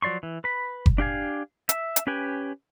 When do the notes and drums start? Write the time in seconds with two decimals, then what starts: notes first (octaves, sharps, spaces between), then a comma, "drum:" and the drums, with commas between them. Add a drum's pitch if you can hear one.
0.02 F3 F#3 D5 C6 C#6
0.23 E3
0.44 B4 B5
0.86 drum: kick F#1
0.98 D4 G4 F5 G#5
1.69 E5, drum: hi-hat
1.96 drum: hi-hat
2.07 C#4 G4 B4 G5 G#5